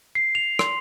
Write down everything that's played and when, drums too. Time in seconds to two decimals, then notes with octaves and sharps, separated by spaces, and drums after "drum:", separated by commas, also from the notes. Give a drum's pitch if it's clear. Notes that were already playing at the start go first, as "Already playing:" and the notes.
0.15 C7
0.35 F7
0.59 C6, drum: rim click